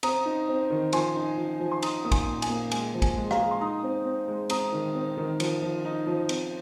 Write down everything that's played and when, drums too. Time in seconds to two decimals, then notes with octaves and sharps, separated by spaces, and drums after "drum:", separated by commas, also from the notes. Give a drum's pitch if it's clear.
0.03 C4 A#5 D#6, drum: cymbal
0.26 D#4
0.48 C4
0.70 D#3
0.93 F3 G#5 C6, drum: cymbal
1.15 D#4
1.37 F3
1.60 F3
1.72 C6
1.82 D#4 A#5 D#6, drum: cymbal
2.05 A#3 D#6
2.12 G#5 C6, drum: kick G#1, cymbal
2.27 A#2
2.42 G#5, drum: cymbal
2.49 A#3
2.71 G#3 G#5, drum: cymbal
2.94 F3
3.02 G#5, drum: kick G#1, cymbal
3.17 G#3
3.31 F5 A#5, drum: rim click
3.38 G#3
3.51 C6
3.61 D#4 A#5 D#6
3.83 C4
4.06 C4
4.28 G#3
4.50 C4 A#5 D#6, drum: cymbal
4.72 D#3
4.95 C4
5.17 D#3
5.40 F3, drum: cymbal
5.62 F3
5.85 D#4
6.07 F3
6.29 C4, drum: cymbal